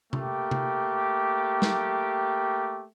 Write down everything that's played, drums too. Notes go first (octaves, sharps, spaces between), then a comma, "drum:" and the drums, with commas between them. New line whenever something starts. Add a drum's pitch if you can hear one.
A3 A#3 G4, drum: tom C3
drum: tom C3
drum: snare